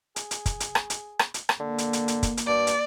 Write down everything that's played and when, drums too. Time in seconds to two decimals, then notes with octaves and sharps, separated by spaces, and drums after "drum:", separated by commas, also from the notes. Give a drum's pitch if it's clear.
0.16 G#4, drum: hi-hat
0.31 drum: hi-hat
0.46 drum: kick, hi-hat
0.60 drum: hi-hat
0.75 drum: rim click
0.90 drum: hi-hat
1.19 drum: rim click
1.34 drum: hi-hat
1.49 drum: rim click
1.60 D3 A#3
1.78 drum: hi-hat
1.93 drum: hi-hat
2.08 drum: hi-hat
2.23 drum: kick, hi-hat
2.37 drum: hi-hat
2.47 G2 D5
2.67 drum: hi-hat